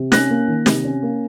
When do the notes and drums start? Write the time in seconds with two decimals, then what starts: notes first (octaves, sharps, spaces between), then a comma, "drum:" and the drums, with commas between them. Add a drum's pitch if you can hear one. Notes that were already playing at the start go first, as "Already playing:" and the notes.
Already playing: C3
0.12 C#4 F#6 A#6, drum: snare
0.30 A#3
0.48 D#3
0.66 C3, drum: snare
0.85 C#4
1.03 A#3